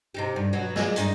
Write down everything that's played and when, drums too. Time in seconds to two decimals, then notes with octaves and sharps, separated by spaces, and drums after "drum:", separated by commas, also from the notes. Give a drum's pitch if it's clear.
0.14 C3 D#4 G4
0.36 G2
0.53 B2 F#3
0.76 G#3 D5, drum: snare
0.96 G2 D#4, drum: hi-hat